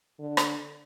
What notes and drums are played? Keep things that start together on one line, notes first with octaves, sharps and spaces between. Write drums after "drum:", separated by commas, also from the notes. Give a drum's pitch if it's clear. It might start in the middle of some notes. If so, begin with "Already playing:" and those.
D3
drum: rim click